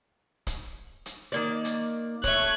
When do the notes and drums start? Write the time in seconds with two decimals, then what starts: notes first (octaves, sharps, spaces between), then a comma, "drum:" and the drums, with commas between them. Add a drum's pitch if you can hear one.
0.47 drum: kick, hi-hat
1.06 drum: hi-hat
1.32 D#3 A#3 D5
1.65 drum: hi-hat
2.24 A3 C#5 F#6 G#6, drum: kick, hi-hat